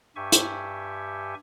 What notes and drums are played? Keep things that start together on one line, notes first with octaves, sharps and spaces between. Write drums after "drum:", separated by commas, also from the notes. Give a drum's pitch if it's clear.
G2 G4 E5 G#5 C#6
drum: hi-hat